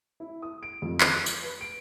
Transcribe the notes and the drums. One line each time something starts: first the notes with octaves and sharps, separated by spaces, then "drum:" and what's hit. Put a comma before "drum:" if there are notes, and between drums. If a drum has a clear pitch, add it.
E4
D#6
D7
F2
D7, drum: clap
drum: tambourine
B4
D7